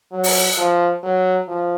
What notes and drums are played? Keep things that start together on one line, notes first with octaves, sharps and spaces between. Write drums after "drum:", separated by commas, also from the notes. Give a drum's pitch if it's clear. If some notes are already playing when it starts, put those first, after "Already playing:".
F#3
drum: open hi-hat
F3
F#3
F3